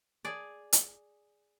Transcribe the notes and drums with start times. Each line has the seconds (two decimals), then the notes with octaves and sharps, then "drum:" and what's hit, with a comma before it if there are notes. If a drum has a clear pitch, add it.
0.25 G#4 D5
0.73 drum: hi-hat